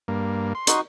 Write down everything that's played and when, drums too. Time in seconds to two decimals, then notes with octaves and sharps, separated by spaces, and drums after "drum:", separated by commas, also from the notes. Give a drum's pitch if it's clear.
0.08 G2 A#3
0.55 C6
0.67 D#4 F#4, drum: hi-hat